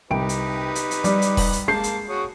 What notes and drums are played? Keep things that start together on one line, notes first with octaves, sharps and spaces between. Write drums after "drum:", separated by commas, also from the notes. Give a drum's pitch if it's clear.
C2 D#4 G4 B4 G5 D7
drum: hi-hat
drum: hi-hat
drum: hi-hat
G3, drum: hi-hat
drum: hi-hat
drum: kick E1, open hi-hat
drum: hi-hat
G#3 A#3 A5 G6 C7
drum: hi-hat
F#4 G#4 C#5